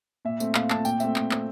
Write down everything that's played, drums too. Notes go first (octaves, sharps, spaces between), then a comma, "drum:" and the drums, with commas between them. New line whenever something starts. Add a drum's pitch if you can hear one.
A#2 E5
A3 C4, drum: tambourine
A#2 F5, drum: clap
A3 C4 A5, drum: clap
A#2 G5, drum: tambourine
A3 C4 E5, drum: tambourine
A#2, drum: clap
A3 C4, drum: clap